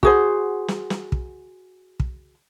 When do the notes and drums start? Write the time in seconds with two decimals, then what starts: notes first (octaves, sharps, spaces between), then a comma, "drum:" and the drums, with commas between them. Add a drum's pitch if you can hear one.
0.03 F#4 G#4 C5, drum: kick
0.68 drum: snare
0.90 drum: snare
1.12 drum: kick
2.00 drum: kick